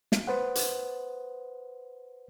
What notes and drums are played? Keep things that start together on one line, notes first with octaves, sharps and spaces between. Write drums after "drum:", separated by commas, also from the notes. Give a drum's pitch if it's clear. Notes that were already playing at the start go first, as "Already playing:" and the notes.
drum: snare
B4 C5 F#5
drum: hi-hat